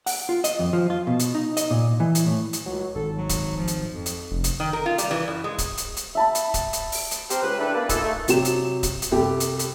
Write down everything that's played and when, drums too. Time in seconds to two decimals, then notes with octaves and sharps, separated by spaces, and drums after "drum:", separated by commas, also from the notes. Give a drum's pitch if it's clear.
0.06 F#5, drum: open hi-hat
0.29 F4
0.44 D#5, drum: hi-hat
0.59 F2
0.73 F3
0.90 F4
1.07 B2
1.19 drum: hi-hat
1.35 D#4
1.57 D#5, drum: hi-hat
1.71 A#2
2.00 E3
2.15 drum: hi-hat
2.26 A2
2.53 drum: hi-hat
2.66 C#2 F#3
2.95 G#1 A4
3.18 F#3
3.29 drum: kick C#1, hi-hat
3.57 F3
3.67 drum: hi-hat
3.94 F2
4.06 drum: hi-hat
4.31 F1
4.44 drum: hi-hat
4.60 D#3
4.73 A#4
4.86 F4
4.98 G3, drum: hi-hat
5.11 E3
5.28 F#2
5.44 G#3
5.58 drum: kick C#1, hi-hat
5.77 drum: hi-hat
5.97 drum: hi-hat
6.15 E5 A5 B5
6.35 drum: hi-hat
6.54 drum: kick C#1, hi-hat
6.73 drum: hi-hat
6.92 drum: open hi-hat
7.11 drum: hi-hat
7.30 C4 G4 A#4 C5, drum: hi-hat
7.42 C#2 B4
7.59 E3 D4 E4 G4 A4 B4
7.74 A#3 B3 B4 D5
7.89 A3 D#4 F4 G#4 A4, drum: kick C#1, hi-hat
8.02 A3
8.28 C3 F#3 G4 E7, drum: hi-hat
8.45 drum: hi-hat
8.83 drum: kick C#1, hi-hat
9.02 drum: hi-hat
9.11 C2 G4 A4
9.40 drum: hi-hat
9.59 drum: hi-hat